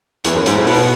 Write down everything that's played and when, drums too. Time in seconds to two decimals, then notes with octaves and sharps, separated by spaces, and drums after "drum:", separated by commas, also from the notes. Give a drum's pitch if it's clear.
0.24 E2, drum: hi-hat
0.35 F#2
0.46 G#2, drum: hi-hat
0.57 A2
0.67 B2, drum: open hi-hat